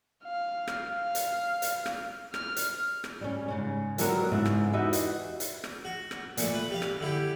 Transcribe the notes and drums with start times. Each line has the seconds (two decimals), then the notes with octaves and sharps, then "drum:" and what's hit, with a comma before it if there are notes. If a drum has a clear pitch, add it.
0.24 F5
0.67 drum: rim click
0.89 F5
1.15 drum: hi-hat
1.62 drum: hi-hat
1.86 drum: rim click
2.34 F6, drum: rim click
2.56 drum: hi-hat
3.04 drum: rim click
3.21 G3 C#4
3.48 G#2 C#3 C#4
3.98 D3 F#3 B3 C4 G4 A#4, drum: hi-hat
4.32 G#2 C#3 B3 C#4 E4
4.45 drum: rim click
4.73 E2 D#4 F#4 G4 B4 E5
4.93 drum: hi-hat
5.40 drum: hi-hat
5.64 drum: rim click
5.85 F#4
6.11 drum: rim click
6.37 A#2 A3, drum: hi-hat
6.54 B4
6.70 G3 F5
6.82 drum: rim click
7.00 D3 E4 G4